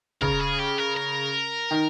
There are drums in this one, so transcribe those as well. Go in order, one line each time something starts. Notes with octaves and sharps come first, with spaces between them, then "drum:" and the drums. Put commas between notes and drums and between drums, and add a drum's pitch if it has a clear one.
C#3 A#4, drum: kick
G#4
G4
A#4
A#4
D#3